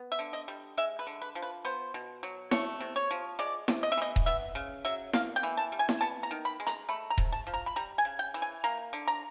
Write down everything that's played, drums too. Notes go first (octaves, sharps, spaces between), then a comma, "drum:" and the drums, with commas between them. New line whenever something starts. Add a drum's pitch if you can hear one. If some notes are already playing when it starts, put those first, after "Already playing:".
Already playing: B3
E5
D3
D#5
G3
G#3 E5
B4
D3
B4
F3
B4
B3 C5
B2
F#3
A3 C#5, drum: snare E4
C3
C#5
F3
G#3 D5
C3, drum: snare E4
D#5
E5
E3 D#5
drum: kick D#1
B3 E5
C#3
F#3 E5
A#3 F5, drum: snare E4
G5
E3
A5
G3
G#5
drum: snare E4
B3 A5
A#5
D#3
B5
G#3
A#5, drum: hi-hat
A3 B5
A#5
C3, drum: kick D#1
A5
F3
A#5
B5
G3 A#5
G#5
C#3
G5
E3
G#5
A#3 A#5
D3
A#5